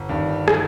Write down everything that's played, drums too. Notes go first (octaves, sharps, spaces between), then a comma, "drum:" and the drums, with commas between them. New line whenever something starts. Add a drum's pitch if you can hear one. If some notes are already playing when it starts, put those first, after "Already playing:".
Already playing: G1
G2 D#3
drum: rim click